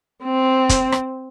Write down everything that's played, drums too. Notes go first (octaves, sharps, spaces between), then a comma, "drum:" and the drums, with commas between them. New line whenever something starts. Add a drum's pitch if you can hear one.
C4
drum: kick, hi-hat
drum: rim click